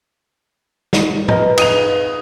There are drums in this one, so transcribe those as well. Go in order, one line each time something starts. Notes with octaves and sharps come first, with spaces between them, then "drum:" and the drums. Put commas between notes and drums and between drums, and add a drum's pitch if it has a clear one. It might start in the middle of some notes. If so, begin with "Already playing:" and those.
drum: snare
A#4 B4 D#5 A#5, drum: tom A2
D#4 F5 D#6 D#7 F7, drum: cymbal